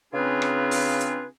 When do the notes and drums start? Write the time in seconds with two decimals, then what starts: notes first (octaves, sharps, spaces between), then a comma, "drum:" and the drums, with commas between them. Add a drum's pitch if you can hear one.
0.12 C#3 C4 D4 F4 G#4 B4
0.42 drum: rim click
0.71 drum: open hi-hat
1.01 drum: hi-hat